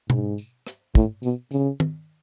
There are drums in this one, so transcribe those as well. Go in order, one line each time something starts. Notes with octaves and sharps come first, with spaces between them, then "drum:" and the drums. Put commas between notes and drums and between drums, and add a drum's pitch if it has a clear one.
G#2, drum: tom B2
drum: tambourine
drum: rim click
A2, drum: kick, tambourine
B2, drum: tambourine
C#3, drum: tambourine
drum: tom